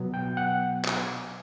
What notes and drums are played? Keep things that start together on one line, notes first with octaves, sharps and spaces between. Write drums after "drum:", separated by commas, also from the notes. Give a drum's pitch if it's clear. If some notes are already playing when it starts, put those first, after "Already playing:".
Already playing: B2 F#3 B3
G5
F#5
drum: clap